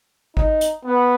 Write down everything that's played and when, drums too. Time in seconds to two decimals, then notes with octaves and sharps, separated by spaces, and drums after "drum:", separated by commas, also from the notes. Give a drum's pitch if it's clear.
0.37 D#4, drum: kick G#1
0.61 drum: hi-hat
0.85 B3